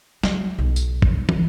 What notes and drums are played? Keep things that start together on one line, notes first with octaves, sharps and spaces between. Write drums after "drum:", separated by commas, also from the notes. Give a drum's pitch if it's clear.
F#3, drum: snare
B1
drum: tambourine
drum: kick
drum: tom